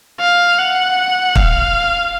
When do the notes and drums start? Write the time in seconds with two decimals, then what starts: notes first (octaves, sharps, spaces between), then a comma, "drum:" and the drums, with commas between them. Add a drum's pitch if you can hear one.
0.20 F5
0.58 F#5
1.35 F5, drum: kick